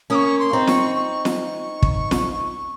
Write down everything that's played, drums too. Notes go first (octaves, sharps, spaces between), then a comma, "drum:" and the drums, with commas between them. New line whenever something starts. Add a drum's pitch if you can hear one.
A#3 C#4 D#6
C#6
C6
C4 D#4
C#6, drum: snare
C#6
drum: snare
drum: kick
drum: snare